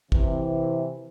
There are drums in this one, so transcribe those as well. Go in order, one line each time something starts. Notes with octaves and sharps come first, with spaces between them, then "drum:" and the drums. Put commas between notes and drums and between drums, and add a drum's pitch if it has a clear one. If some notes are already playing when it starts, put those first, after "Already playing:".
C3 E3, drum: kick